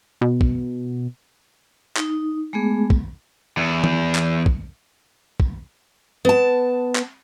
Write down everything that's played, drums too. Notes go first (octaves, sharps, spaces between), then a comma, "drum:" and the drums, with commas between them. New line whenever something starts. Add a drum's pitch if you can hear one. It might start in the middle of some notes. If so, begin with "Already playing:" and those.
B2
drum: kick
D#4, drum: clap
G#3 A3 B3 G#4
drum: kick
E2
drum: tom
drum: clap
drum: kick
drum: kick
B3 A5
drum: clap